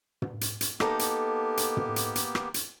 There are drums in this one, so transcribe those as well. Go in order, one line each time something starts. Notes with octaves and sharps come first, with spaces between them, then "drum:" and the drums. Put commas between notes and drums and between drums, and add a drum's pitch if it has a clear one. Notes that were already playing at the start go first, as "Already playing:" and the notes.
drum: tom
drum: hi-hat
drum: hi-hat
A#3 B3 D#4 G4 A4, drum: rim click
drum: hi-hat
drum: hi-hat
drum: tom
drum: hi-hat
drum: hi-hat
drum: rim click
drum: hi-hat